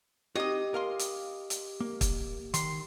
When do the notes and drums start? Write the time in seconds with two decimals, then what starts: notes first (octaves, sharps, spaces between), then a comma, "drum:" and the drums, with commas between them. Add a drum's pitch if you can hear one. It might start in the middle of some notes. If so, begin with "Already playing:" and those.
0.36 C4 D#4 F#4 G4 D#5 D#6
0.74 A#4 F5 C6
0.99 drum: hi-hat
1.50 drum: hi-hat
1.80 A#3
2.01 drum: kick, hi-hat
2.54 D#3 C6, drum: hi-hat